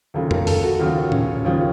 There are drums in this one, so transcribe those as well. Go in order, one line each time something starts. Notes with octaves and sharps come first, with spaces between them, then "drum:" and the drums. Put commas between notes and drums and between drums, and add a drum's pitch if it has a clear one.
D#2 C#3 F3 A4
A#4, drum: tom F2
A4, drum: open hi-hat
F#4
D#2 C#3 F3 F4
C#4, drum: tom A2
D#2 C#3 F3